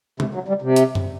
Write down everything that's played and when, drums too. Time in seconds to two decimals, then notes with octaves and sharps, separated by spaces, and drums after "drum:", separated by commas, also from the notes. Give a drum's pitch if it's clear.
0.20 C3, drum: tom
0.34 F#3
0.48 G3
0.62 C3
0.76 drum: hi-hat
0.95 drum: tom